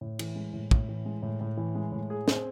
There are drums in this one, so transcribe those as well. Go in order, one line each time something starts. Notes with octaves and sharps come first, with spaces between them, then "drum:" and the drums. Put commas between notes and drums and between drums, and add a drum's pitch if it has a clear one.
A2
E3, drum: cymbal
G#3
A2
A2, drum: kick
E3
G#3
A2
A2
E3
G#3
A2
G#4
C4, drum: snare